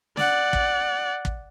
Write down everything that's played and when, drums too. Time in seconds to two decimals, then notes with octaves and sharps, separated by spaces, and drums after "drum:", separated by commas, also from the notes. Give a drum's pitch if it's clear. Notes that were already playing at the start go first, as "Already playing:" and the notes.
0.17 D5 F#5, drum: snare
0.53 drum: kick
1.25 drum: kick